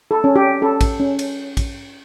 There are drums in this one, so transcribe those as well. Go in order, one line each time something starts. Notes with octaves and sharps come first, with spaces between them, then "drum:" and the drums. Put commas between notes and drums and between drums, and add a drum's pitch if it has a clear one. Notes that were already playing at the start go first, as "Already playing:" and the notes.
A4
C#4
G4
C#4 A4
drum: kick, cymbal
C#4
drum: cymbal
drum: kick, cymbal